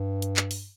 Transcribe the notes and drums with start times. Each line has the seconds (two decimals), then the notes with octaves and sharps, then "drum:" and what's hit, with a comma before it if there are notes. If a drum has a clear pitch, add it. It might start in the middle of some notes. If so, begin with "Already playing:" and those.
Already playing: G2
0.22 drum: hi-hat
0.37 drum: clap
0.51 drum: open hi-hat